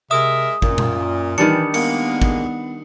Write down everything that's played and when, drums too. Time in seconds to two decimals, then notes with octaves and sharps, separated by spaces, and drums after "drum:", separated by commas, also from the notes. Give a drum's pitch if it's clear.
0.11 C3 G#3 A#4 E5 D#6
0.62 F#2 A#2, drum: kick
0.78 drum: tom A#2
1.38 D#3 E3 G3 D4 C#7
1.74 G#3 A#3 B3 C#7, drum: cymbal
2.22 drum: kick